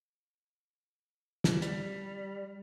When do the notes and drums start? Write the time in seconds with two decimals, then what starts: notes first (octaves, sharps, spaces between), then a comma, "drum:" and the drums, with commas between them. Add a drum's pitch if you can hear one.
1.44 drum: snare
1.62 G3, drum: hi-hat